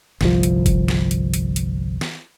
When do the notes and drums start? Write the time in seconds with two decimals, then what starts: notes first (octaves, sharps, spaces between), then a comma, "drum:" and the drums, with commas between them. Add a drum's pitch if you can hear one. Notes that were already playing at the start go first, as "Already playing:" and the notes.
0.21 G1 C2 F3, drum: snare
0.43 drum: hi-hat
0.66 drum: kick F#1, hi-hat
0.88 drum: snare
1.11 drum: hi-hat
1.34 drum: hi-hat
1.56 drum: hi-hat
2.01 drum: snare